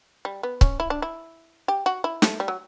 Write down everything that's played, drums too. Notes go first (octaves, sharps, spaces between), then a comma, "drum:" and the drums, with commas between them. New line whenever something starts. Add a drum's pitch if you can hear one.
G3
B3
C#4, drum: kick C#1
E4
D4
E4
G4
F#4
E4
A3, drum: snare
G3
F#3